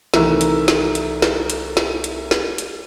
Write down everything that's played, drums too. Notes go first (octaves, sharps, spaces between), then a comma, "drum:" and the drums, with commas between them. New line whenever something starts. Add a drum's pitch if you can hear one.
C2 D#3 E3 A3 A#5 E6, drum: snare
drum: hi-hat
drum: snare
drum: hi-hat
drum: snare
drum: hi-hat
drum: snare
drum: hi-hat
drum: snare
drum: hi-hat